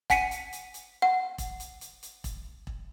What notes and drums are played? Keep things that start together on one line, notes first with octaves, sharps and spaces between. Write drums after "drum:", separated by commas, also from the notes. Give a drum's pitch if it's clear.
F#5 G#5 B6 C#7 D#7, drum: kick E1, hi-hat
drum: hi-hat
drum: hi-hat
drum: hi-hat
F#5
drum: kick E1, hi-hat
drum: hi-hat
drum: hi-hat
drum: hi-hat
drum: kick E1, hi-hat
drum: kick E1